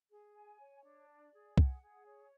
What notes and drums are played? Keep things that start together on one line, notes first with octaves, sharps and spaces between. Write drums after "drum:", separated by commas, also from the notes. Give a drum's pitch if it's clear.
G#4
G#5
C#5
D4
D5
G#4
F#5, drum: kick
G#4
C#5